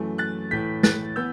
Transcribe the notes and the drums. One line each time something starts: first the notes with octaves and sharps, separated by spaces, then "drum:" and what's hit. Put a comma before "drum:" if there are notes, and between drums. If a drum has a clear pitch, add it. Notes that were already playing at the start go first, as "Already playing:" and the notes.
Already playing: F#2 E3 A3
F#6 A6
A2 E3 A3 G6 B6
F#6 A6, drum: snare
E3 B3 E6 G6